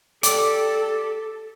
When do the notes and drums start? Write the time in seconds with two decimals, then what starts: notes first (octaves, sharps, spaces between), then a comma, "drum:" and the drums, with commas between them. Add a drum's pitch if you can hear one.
0.23 G4 A4 D5, drum: hi-hat